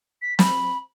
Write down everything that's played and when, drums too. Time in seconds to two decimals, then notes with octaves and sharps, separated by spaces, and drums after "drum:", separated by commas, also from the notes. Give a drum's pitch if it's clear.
0.22 B6
0.39 B5, drum: snare